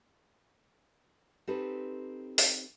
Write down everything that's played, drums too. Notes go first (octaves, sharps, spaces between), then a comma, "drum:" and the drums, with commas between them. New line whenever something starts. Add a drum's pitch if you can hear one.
C4 D#4 G4 A4 B4
drum: open hi-hat